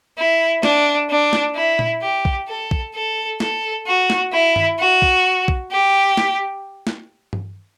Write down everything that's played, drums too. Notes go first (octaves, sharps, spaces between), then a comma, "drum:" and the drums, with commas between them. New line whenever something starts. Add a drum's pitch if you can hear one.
E4
D4, drum: snare
D4
drum: snare
E4
drum: tom A#2
G4
drum: kick
A4
drum: kick
A4
A4, drum: snare
F#4
drum: snare
E4
drum: tom G2
F#4
drum: kick
drum: kick
G4
drum: snare
drum: snare
drum: tom G2